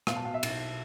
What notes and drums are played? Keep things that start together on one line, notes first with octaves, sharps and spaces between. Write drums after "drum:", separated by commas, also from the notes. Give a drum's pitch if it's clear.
B2 F5, drum: rim click
A5
B2 F5
E5
B1, drum: cymbal